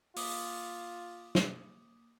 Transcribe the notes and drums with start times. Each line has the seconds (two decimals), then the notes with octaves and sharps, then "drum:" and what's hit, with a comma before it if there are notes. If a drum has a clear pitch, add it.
0.16 A#3 F4 D6 D#6, drum: open hi-hat
1.35 drum: snare